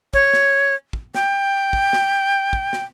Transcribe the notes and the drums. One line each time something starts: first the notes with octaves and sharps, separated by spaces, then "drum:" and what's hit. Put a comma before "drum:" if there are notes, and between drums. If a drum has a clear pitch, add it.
C#5, drum: kick
drum: snare
drum: kick
G5, drum: snare
drum: kick
drum: snare
drum: kick
drum: snare